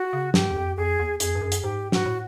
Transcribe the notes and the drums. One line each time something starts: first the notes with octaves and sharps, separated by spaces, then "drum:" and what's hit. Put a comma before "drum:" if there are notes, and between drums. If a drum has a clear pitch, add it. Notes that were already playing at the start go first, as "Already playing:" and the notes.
Already playing: F#4
C#3
G2 G4, drum: snare
E2
F2
F2 G#4
E2
F2 G#4, drum: hi-hat
G2
F#2
drum: hi-hat
G#2 G4
G#2 F#4, drum: snare
A2